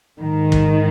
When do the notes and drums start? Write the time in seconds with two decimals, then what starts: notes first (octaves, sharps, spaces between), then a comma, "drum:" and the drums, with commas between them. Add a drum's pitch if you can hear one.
0.19 G#2 D#3
0.52 drum: kick